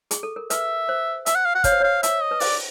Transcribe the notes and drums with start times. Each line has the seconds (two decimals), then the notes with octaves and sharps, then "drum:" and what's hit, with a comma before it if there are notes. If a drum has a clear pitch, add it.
0.11 G#4, drum: hi-hat
0.23 A4
0.36 A#4
0.50 B4 E5, drum: hi-hat
0.89 C5
1.26 E5, drum: hi-hat
1.35 F#5
1.45 F5
1.55 F#5
1.64 C#5 F5, drum: kick, hi-hat
1.72 C5
1.80 C#5 F5
2.03 E5, drum: hi-hat
2.21 D#5
2.31 B4
2.40 C5 D5, drum: open hi-hat